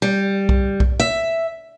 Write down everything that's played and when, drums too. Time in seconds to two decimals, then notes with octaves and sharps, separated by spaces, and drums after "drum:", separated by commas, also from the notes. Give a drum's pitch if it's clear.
0.02 G3
0.49 drum: kick B1
0.80 drum: kick B1
1.00 E5